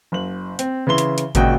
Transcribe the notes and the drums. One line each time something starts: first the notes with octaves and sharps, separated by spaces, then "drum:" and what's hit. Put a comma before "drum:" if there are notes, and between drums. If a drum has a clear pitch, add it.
F#1 F#7
C4, drum: hi-hat
C#3 E3 E5 C6 G7
drum: hi-hat
drum: hi-hat
G#1 A#2 C#3 F#4 D#5 G5, drum: kick G#1, hi-hat